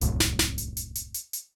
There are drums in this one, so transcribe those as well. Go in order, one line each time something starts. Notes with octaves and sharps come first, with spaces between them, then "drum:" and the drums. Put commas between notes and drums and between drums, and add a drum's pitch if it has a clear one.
D1 C2 F#2 A2, drum: hi-hat
drum: snare
drum: snare
drum: hi-hat
drum: hi-hat
drum: hi-hat
drum: hi-hat
drum: hi-hat